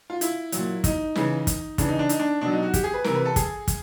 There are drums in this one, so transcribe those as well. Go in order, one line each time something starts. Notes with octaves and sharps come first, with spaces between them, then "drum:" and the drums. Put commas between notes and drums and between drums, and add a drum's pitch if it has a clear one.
F4
E4, drum: hi-hat
A#2 F#3, drum: hi-hat
D#4, drum: kick, hi-hat
C#3 E3, drum: snare
drum: kick, hi-hat
C#3 E3 D4, drum: kick, hi-hat
D#4
D4
D#4, drum: hi-hat
D4
B2 F#3 D4
D#4
F#4
G4, drum: kick, hi-hat
G#4
B4
C3 E3 A#4, drum: snare
B4
A4
G#4, drum: kick, hi-hat
drum: kick, hi-hat